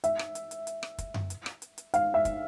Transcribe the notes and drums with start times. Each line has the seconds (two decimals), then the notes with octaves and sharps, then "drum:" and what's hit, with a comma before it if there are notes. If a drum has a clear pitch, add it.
0.04 E5, drum: hi-hat
0.19 drum: rim click
0.35 drum: hi-hat
0.51 drum: hi-hat
0.67 drum: hi-hat
0.83 drum: rim click
0.98 drum: kick, hi-hat
1.14 drum: tom F#2
1.30 drum: hi-hat
1.46 drum: rim click
1.62 drum: hi-hat
1.78 drum: hi-hat
1.94 F5, drum: hi-hat
2.14 E5
2.25 drum: kick, hi-hat